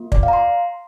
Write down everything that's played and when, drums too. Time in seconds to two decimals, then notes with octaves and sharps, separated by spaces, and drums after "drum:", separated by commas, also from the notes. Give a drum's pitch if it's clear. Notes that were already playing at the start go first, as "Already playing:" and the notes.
Already playing: A#3 F4
0.12 D5, drum: kick
0.23 F5
0.28 A#5
0.33 C6